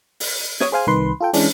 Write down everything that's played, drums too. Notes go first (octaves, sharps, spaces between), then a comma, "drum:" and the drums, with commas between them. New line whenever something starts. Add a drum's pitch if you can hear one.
drum: open hi-hat
C#5 D#6 G#6, drum: snare
G#4 C5 F5 G#5
C2 D#3 B4 C6
F4 A4 G5
E3 G#3 C#4 D4, drum: open hi-hat